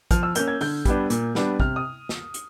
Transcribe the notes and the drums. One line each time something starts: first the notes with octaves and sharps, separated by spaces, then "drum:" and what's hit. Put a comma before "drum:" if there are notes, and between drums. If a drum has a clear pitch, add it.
F3 F6, drum: kick, hi-hat
E6
A#3 C#4 G6, drum: hi-hat
G#6
D3 G6, drum: open hi-hat
G3 B3 D4, drum: kick, hi-hat
A#2, drum: hi-hat
G3 B3 D4, drum: snare
C3 F6, drum: kick
D#6
drum: snare
drum: hi-hat